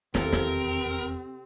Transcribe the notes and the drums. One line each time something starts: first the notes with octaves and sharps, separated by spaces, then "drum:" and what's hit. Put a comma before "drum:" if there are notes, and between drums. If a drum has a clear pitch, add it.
F1 E2 C3 D#3 C4 A4 A#4, drum: snare
drum: snare